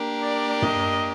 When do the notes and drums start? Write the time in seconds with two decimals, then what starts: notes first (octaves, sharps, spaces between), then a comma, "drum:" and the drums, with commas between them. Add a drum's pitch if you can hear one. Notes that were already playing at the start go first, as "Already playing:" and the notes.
Already playing: A#3 D4 G4 A#4
0.23 D5
0.62 D#5, drum: tom